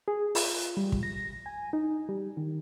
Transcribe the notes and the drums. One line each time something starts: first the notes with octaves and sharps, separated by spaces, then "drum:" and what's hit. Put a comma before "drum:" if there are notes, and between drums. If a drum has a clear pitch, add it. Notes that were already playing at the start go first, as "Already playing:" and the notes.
G#4
F4, drum: open hi-hat
G3
drum: kick
A#6
G#5
D#4
G3
D#3